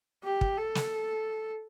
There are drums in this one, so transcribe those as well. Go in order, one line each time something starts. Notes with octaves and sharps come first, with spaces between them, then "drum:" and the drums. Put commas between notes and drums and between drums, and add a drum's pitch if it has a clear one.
G4
drum: kick
A4
drum: snare